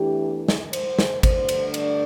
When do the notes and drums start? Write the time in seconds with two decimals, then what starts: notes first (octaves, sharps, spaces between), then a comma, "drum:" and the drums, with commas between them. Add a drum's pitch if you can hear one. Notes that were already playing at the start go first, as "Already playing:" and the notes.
Already playing: E2 E3 A3 D4 G4
0.48 drum: snare
0.73 C5, drum: cymbal
0.99 drum: snare
1.23 G2 D3 A3 D4 C5, drum: kick G#1, cymbal
1.49 drum: cymbal
1.74 D5, drum: cymbal